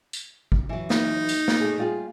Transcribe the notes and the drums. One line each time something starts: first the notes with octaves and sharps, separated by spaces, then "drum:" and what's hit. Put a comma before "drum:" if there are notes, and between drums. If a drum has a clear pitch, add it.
drum: tambourine
drum: kick G#1
E3 F#3
D#4, drum: snare
drum: tambourine
drum: snare
A3 G#4
G3 F4 G#4